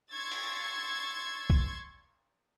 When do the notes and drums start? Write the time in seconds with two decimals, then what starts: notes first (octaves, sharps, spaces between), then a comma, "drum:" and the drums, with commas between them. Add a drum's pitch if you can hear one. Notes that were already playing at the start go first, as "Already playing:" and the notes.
0.10 C6 C#6 E6 G#6 A6
0.31 drum: cymbal
1.50 drum: kick